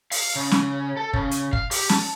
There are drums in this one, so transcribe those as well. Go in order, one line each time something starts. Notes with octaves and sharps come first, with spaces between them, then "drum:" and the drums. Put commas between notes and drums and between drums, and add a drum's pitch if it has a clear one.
F5, drum: open hi-hat
C#3
drum: snare
A4
C#3, drum: kick
drum: hi-hat
F5, drum: kick
G4, drum: open hi-hat
A5, drum: snare